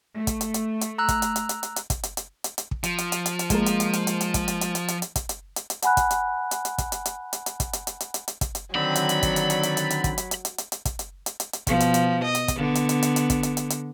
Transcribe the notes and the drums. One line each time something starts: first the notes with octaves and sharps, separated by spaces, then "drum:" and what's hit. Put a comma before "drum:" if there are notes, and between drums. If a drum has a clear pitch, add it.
A3
drum: kick, hi-hat
drum: hi-hat
drum: hi-hat
drum: hi-hat
A#5 E6 F#6
drum: kick, hi-hat
drum: hi-hat
drum: hi-hat
drum: hi-hat
drum: hi-hat
drum: hi-hat
drum: kick, hi-hat
drum: hi-hat
drum: hi-hat
drum: hi-hat
drum: hi-hat
drum: kick
F3, drum: hi-hat
drum: hi-hat
drum: hi-hat
drum: hi-hat
drum: hi-hat
G#3 A#3 A#4, drum: kick, hi-hat
drum: hi-hat
drum: hi-hat
drum: hi-hat
drum: hi-hat
drum: hi-hat
drum: kick, hi-hat
drum: hi-hat
drum: hi-hat
drum: hi-hat
drum: hi-hat
drum: hi-hat
drum: kick, hi-hat
drum: hi-hat
drum: hi-hat
drum: hi-hat
F#5 G#5 B5 F#6, drum: hi-hat
drum: kick, hi-hat
drum: hi-hat
drum: hi-hat
drum: hi-hat
drum: kick, hi-hat
drum: hi-hat
drum: hi-hat
drum: hi-hat
drum: hi-hat
drum: kick, hi-hat
drum: hi-hat
drum: hi-hat
drum: hi-hat
drum: hi-hat
drum: hi-hat
drum: kick, hi-hat
drum: hi-hat
D3 D#3 F#3 C4 D5 F#5 B5
drum: hi-hat
drum: hi-hat
drum: kick, hi-hat
drum: hi-hat
drum: hi-hat
drum: hi-hat
drum: hi-hat
drum: hi-hat
drum: kick, hi-hat
drum: hi-hat
drum: hi-hat
drum: hi-hat
drum: hi-hat
drum: hi-hat
drum: kick, hi-hat
drum: hi-hat
drum: hi-hat
drum: hi-hat
drum: hi-hat
B2 F3, drum: kick, hi-hat
drum: hi-hat
drum: hi-hat
D#5
drum: hi-hat
drum: kick, hi-hat
D3 B3
drum: hi-hat
drum: hi-hat
drum: hi-hat
drum: hi-hat
drum: kick, hi-hat
drum: hi-hat
drum: hi-hat
drum: hi-hat